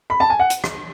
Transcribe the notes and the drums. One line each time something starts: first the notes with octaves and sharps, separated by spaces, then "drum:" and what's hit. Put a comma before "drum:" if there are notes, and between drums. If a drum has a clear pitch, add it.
B5
A5
G#5
F#5
drum: hi-hat
drum: rim click